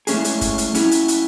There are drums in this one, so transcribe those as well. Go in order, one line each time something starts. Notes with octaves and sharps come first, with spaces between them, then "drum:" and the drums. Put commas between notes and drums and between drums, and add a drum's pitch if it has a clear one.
A2 G#3 C#4 G#4, drum: hi-hat
drum: hi-hat
drum: kick, hi-hat
drum: hi-hat
F#3 C#4 E4, drum: hi-hat
drum: hi-hat
drum: hi-hat